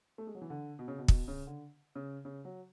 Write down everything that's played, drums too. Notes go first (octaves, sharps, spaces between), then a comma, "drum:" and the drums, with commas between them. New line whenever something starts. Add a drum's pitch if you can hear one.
A3
G#3
F#3
E3
D3
B2
C#3
B2
B2, drum: kick
C#3
D3
C#3
C#3
F#3